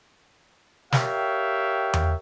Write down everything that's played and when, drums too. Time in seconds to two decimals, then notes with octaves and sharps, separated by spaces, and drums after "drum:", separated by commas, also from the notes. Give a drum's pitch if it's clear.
0.92 G4 A#4 C#5 E5 F5 G5, drum: snare
1.94 drum: tom E2